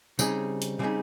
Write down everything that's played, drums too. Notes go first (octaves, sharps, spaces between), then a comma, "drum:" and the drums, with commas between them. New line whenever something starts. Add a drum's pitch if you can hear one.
C#3 G3 C4 D#4 G#4, drum: tambourine
drum: hi-hat
C#3 G3 C4 D#4 G#4